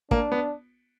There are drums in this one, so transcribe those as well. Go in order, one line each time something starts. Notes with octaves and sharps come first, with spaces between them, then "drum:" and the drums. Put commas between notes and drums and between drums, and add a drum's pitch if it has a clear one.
A#3 D4, drum: kick
B3